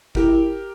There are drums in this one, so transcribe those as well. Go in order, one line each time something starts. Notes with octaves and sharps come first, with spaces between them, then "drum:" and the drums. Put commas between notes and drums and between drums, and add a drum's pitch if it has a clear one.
E4 G4 A#4, drum: kick G1